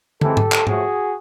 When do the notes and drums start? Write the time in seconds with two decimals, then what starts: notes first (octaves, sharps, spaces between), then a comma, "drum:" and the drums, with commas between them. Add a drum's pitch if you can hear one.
0.21 E3 G#3 C4 G4 A4, drum: tom
0.37 drum: tom G#2
0.52 drum: clap
0.67 A2 F3 A3 F#4 G#4, drum: tom G#2